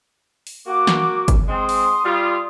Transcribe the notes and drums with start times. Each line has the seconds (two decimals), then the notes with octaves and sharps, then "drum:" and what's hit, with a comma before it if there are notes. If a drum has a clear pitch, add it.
0.47 drum: open hi-hat
0.67 A#3 F#4 D6
0.87 drum: snare
1.28 drum: kick G1, hi-hat
1.48 G#3 C4 C6 D#6
1.69 drum: open hi-hat
2.04 G3 F4